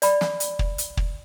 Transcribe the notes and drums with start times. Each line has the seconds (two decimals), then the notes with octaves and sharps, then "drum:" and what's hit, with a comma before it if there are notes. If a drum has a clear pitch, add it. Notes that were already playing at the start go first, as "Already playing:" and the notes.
0.02 D5 B5, drum: hi-hat
0.21 drum: snare
0.40 drum: hi-hat
0.59 drum: kick
0.78 drum: hi-hat
0.97 drum: kick